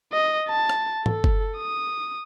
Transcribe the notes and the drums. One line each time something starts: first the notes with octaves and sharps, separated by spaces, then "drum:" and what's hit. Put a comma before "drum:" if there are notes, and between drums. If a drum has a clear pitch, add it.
D#5
A5
drum: rim click
A4, drum: tom G#2
drum: kick F#1
D#6